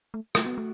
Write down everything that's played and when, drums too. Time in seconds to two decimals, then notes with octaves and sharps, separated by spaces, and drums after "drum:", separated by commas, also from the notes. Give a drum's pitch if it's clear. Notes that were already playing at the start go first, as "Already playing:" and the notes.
0.14 A3
0.35 A3 F#4, drum: rim click
0.46 B3
0.58 A3